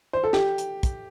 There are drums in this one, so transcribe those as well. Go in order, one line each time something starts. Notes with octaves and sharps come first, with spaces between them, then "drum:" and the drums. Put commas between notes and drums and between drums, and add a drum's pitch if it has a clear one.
C5
A4
G4, drum: snare
drum: hi-hat
drum: kick, hi-hat